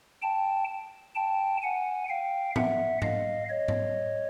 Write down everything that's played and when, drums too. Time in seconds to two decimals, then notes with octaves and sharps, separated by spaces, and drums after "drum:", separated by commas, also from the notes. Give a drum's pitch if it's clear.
0.22 G5 A5
1.15 G5 A5
1.62 F#5 G#5
2.09 F5 G5
2.56 E5 F#5, drum: tom
3.02 D#5 F5, drum: tom G#2
3.49 C#5 D#5
3.68 drum: tom G#2